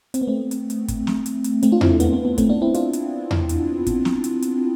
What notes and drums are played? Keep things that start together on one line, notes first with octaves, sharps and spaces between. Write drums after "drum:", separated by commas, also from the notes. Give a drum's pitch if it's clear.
C4, drum: hi-hat
B3
A3 C4
drum: hi-hat
drum: hi-hat
drum: kick, hi-hat
drum: snare
drum: hi-hat
drum: hi-hat
A3 C4, drum: hi-hat
D4 F4
C4 E4, drum: tom E2
A3
B3, drum: hi-hat
B3
B3
A3 C4, drum: kick, hi-hat
B3 D4
C4 E4
D4 F4, drum: hi-hat
drum: hi-hat
drum: tom E2
drum: hi-hat
drum: kick, hi-hat
drum: snare
drum: hi-hat
drum: hi-hat